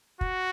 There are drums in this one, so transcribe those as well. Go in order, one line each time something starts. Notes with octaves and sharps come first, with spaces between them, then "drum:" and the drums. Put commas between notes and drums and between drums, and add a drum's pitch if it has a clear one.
F#4, drum: kick